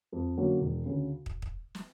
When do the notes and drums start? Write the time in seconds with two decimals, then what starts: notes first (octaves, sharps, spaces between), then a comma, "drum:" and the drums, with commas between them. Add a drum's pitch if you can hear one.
0.12 F2
0.37 D3 F#3 A#3 C#4
0.61 E1
0.86 D2 C#3
1.26 drum: kick
1.42 drum: kick
1.75 drum: snare